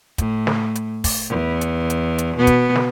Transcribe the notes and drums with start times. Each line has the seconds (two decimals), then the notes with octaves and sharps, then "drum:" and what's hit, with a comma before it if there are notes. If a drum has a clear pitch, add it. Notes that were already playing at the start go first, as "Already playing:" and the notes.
0.18 A2, drum: kick, hi-hat
0.47 drum: snare
0.75 drum: hi-hat
1.04 drum: kick, open hi-hat
1.29 E2
1.61 drum: hi-hat
1.90 drum: hi-hat
2.18 drum: hi-hat
2.37 B2 B3
2.47 drum: kick, hi-hat
2.76 drum: snare